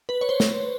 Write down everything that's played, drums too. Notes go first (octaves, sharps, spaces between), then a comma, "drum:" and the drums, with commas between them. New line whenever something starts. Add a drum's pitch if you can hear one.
B4
C#5
C5
drum: snare